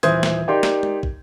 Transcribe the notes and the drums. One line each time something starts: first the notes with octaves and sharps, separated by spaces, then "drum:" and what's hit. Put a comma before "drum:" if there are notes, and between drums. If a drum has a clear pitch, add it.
D#1 E3 C5 D#6 G#6, drum: hi-hat
drum: snare
D#4 G4 A#4 D5 G5 C6
drum: snare
drum: tom
drum: kick